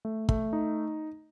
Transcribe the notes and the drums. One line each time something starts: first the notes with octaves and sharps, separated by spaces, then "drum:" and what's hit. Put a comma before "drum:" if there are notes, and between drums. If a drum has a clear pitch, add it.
A3
A3, drum: kick
D#4